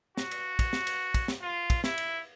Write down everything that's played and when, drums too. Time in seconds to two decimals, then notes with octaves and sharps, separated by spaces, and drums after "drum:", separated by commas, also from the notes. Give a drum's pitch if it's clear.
0.17 F#4, drum: snare
0.31 drum: cymbal
0.59 drum: kick, cymbal
0.73 drum: snare
0.87 drum: cymbal
1.14 drum: kick, cymbal
1.28 drum: snare
1.42 F4
1.70 drum: kick, cymbal
1.84 E4, drum: snare
1.98 drum: cymbal